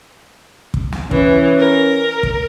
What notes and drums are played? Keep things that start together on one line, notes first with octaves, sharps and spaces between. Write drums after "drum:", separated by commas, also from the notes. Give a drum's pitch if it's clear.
drum: kick
drum: snare
E3 C#4, drum: kick
A#4
drum: kick